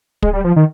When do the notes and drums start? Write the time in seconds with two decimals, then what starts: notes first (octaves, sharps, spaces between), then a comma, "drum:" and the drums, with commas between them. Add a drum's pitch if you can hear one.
0.22 G#3, drum: kick
0.33 G3
0.44 F3
0.56 D#3